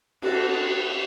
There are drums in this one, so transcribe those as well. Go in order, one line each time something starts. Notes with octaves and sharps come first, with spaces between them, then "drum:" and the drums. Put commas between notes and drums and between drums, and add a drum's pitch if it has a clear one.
F#4 A4, drum: cymbal